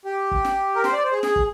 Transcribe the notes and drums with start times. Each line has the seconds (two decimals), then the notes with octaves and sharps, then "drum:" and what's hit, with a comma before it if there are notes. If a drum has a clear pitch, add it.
0.05 G4
0.32 drum: kick
0.45 drum: snare
0.76 A#4
0.84 C5, drum: snare
0.93 D5
1.04 C5
1.12 G#4
1.23 G#4, drum: snare
1.36 drum: kick